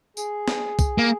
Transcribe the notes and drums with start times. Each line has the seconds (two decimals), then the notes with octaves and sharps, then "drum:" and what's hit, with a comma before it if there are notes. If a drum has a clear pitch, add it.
0.17 G#4, drum: tambourine
0.48 drum: snare
0.79 drum: kick, tambourine
0.98 A#3